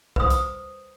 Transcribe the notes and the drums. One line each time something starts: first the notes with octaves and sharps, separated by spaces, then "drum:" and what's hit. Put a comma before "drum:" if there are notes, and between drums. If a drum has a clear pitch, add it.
B4 C5 D#6, drum: kick B1
drum: hi-hat